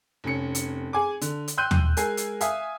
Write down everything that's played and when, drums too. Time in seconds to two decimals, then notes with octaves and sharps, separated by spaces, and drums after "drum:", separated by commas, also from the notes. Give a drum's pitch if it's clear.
0.24 F1 C#4 C#7
0.55 drum: hi-hat
0.93 G#4 G#5 D6
1.21 D3, drum: hi-hat
1.48 drum: hi-hat
1.57 G5 C6 E6 F#6 G6 D#7
1.71 drum: tom D#2
1.97 G#3 A#4 G#5 C7, drum: hi-hat
2.17 drum: hi-hat
2.41 E5 F5 G#5 D#6, drum: hi-hat